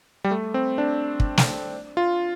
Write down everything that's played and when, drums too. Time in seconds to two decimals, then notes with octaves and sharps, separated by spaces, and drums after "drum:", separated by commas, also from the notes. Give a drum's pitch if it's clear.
0.24 G3
0.31 A3
0.54 C4
0.78 D4
1.20 drum: kick
1.38 drum: snare
1.97 F4